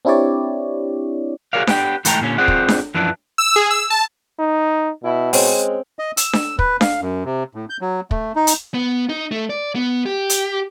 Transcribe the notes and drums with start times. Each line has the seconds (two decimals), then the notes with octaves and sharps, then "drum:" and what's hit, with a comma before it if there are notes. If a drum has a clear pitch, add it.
0.05 C4 D4 E4 G4 C#5 D5
1.53 F#4 G#4 A#4 C#5 D5 F5
1.67 B3 D4 G4 G5, drum: snare D4
2.05 G#2 E3 A3 A4 G5 A#5, drum: hi-hat
2.21 A#2 D3 C#4
2.38 C4 F4 G#4 C5 D5 F#5
2.48 drum: kick
2.68 drum: snare D4
2.94 F#2 E3 F3 D4
3.38 E6
3.56 G#4
3.71 E6
3.90 A5
4.39 D#4
5.04 B2 E4
5.33 G#3 C4 C#4, drum: open hi-hat
5.99 D#5
6.17 E6, drum: hi-hat
6.33 drum: snare D4
6.59 B4, drum: kick
6.81 F5, drum: snare D4
7.01 F#2
7.25 C3
7.55 A2
7.70 G6
7.81 F#3
8.11 A3, drum: kick
8.36 D#4
8.47 drum: hi-hat
8.74 B3
9.09 D#4
9.31 A3
9.50 D5
9.76 B3
10.06 G4
10.30 drum: hi-hat